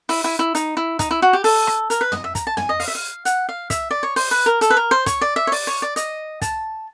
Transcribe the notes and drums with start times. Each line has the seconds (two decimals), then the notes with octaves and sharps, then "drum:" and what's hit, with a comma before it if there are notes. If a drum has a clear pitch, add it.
0.09 E4, drum: open hi-hat
0.24 E4
0.39 E4
0.55 D#4, drum: hi-hat
0.77 E4
0.99 D#4, drum: kick, hi-hat
1.11 E4
1.22 F#4
1.33 G4
1.44 A4, drum: open hi-hat
1.67 drum: rim click
1.90 A#4, drum: hi-hat
2.01 B4
2.12 D#5, drum: tom
2.24 E5
2.35 A#5, drum: kick, hi-hat
2.47 A5
2.57 G#5, drum: tom
2.69 D#5
2.80 F5, drum: open hi-hat
2.88 E5
2.95 F5
3.25 F#5, drum: hi-hat
3.49 F5
3.70 E5, drum: kick, hi-hat
3.91 D5
4.03 C#5
4.16 C5, drum: open hi-hat
4.31 B4
4.46 A#4
4.61 A4, drum: hi-hat
4.70 B4
4.77 A#4
4.91 C5
5.06 C#5, drum: kick, hi-hat
5.21 D5
5.36 E5
5.47 C#5
5.52 D5, drum: open hi-hat
5.67 C#5
5.82 D5
5.96 D#5, drum: hi-hat
6.42 A5, drum: kick, hi-hat